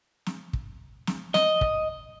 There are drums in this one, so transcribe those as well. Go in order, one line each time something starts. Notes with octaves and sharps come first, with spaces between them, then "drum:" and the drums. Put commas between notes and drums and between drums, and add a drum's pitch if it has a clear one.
drum: snare
drum: kick
drum: snare
D#5, drum: snare
drum: kick